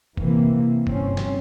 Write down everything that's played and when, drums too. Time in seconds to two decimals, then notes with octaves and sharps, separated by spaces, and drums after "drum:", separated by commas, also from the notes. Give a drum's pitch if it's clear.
0.17 C3 E3 A#3, drum: kick
0.87 G1 C4 C#4, drum: kick
1.17 drum: snare